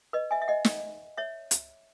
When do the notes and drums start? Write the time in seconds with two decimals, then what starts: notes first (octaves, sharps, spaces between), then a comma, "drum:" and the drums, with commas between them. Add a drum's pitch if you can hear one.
0.13 B4 D#5
0.31 E5 G#5
0.42 E5
0.48 D#5 F#5
0.65 drum: snare
1.18 C#5 E5
1.51 drum: hi-hat